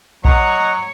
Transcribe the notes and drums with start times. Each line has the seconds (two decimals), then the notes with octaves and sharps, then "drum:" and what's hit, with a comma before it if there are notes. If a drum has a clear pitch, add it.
0.25 F#3 C#5 D#5 F#5 A#5, drum: kick A#1